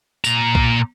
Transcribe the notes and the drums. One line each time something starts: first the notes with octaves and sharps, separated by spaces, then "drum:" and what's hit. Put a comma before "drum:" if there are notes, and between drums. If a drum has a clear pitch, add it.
A#2 A#5, drum: tambourine
drum: kick B1